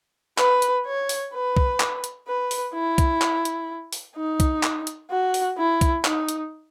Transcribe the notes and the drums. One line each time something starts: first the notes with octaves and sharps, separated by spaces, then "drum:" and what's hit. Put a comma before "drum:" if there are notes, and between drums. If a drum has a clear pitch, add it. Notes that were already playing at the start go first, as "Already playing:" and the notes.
B4, drum: clap
drum: hi-hat
C#5
drum: open hi-hat
B4
drum: kick B1
drum: clap
drum: hi-hat
B4
drum: open hi-hat
E4
drum: kick B1, hi-hat
drum: clap
drum: hi-hat
drum: open hi-hat
D#4
drum: kick B1, hi-hat
drum: clap
drum: hi-hat
F#4
drum: open hi-hat
E4
drum: kick B1, hi-hat
D#4, drum: clap
drum: hi-hat